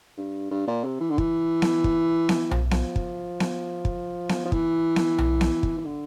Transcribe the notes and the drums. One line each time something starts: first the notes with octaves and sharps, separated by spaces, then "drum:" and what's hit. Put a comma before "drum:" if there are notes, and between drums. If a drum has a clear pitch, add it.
G2
G2
A#2
C3
E3
D3
E3, drum: kick
drum: snare B3
drum: kick
drum: snare B3
F3, drum: tom B1
F3, drum: snare B3
drum: kick
drum: snare B3
drum: kick
drum: snare B3
F3
E3, drum: kick
drum: snare B3
drum: tom B1
drum: snare B3
drum: kick
E3
D3